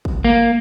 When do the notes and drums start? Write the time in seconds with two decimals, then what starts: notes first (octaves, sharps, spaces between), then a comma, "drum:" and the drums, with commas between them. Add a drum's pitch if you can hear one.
0.05 drum: kick
0.25 A#3